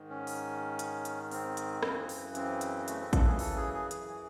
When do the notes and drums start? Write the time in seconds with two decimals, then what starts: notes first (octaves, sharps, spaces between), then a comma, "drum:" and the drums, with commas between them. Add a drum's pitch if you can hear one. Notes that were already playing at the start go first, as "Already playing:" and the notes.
Already playing: G#2 D#3
0.10 C#4
0.27 drum: open hi-hat
0.79 drum: hi-hat
1.05 drum: hi-hat
1.31 C4, drum: open hi-hat
1.57 drum: hi-hat
1.83 F#2 C#3 E3, drum: rim click
2.09 drum: open hi-hat
2.35 C4, drum: hi-hat
2.61 drum: hi-hat
2.88 A3, drum: hi-hat
3.00 C4
3.13 A4, drum: kick A1, hi-hat
3.26 G#4
3.39 A4, drum: open hi-hat
3.56 G#4
3.74 G#4
3.91 F#2 E3 G#4, drum: hi-hat